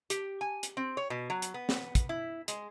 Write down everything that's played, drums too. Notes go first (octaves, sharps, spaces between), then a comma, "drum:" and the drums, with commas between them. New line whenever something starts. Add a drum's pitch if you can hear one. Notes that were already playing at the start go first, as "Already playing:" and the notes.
G4, drum: hi-hat
G#5
drum: hi-hat
C4
C#5
B2
F#3
drum: hi-hat
B3
drum: snare
drum: kick, hi-hat
E4
G#3, drum: hi-hat